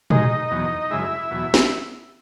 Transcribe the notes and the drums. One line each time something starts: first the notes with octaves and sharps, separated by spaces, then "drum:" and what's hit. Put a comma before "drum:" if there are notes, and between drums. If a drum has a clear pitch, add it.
G#2 D#3 G#3 D#4 D#5, drum: tom A#2
E2 B2 F#3
F#2 C#3 G#3 E4 E5
E2 B2 F#3
drum: snare